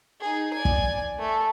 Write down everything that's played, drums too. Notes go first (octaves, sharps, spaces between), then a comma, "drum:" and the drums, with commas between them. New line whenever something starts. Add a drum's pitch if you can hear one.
D#4 G#4
D5 G#5
drum: kick
A3 A4